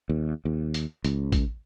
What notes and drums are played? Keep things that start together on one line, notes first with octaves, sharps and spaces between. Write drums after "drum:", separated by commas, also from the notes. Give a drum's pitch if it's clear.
D#2
D#2
drum: hi-hat
C#2, drum: hi-hat
drum: kick, hi-hat